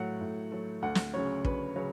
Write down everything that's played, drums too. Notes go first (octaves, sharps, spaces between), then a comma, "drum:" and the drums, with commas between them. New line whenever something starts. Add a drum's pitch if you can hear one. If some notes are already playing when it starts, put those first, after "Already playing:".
Already playing: A2 F#3 A3 F#5
A2
F#3 A3
D2 F#5
drum: snare
C#3 F#3 C#4 C#5
D2 B4, drum: kick
C#3 F#3 C#4